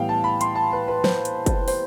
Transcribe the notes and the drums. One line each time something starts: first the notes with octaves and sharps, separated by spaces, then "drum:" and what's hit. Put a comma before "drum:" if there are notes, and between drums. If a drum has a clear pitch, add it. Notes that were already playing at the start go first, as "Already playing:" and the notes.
Already playing: A2 E3 G3 B3 F5 G5
A5
B5
C6, drum: hi-hat
A5
B4
B4
C5, drum: snare
drum: hi-hat
drum: kick, hi-hat
C5, drum: open hi-hat